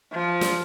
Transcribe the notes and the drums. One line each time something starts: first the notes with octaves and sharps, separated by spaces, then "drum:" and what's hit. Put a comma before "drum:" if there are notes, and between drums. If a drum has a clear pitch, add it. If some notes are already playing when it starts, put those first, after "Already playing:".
F3
drum: snare